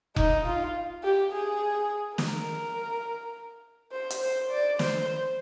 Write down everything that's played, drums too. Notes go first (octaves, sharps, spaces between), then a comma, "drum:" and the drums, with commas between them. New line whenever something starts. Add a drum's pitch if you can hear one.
D#4, drum: kick F1
F4
G4
G#4
A#4, drum: snare
C5
drum: hi-hat
C5
D5
C5, drum: snare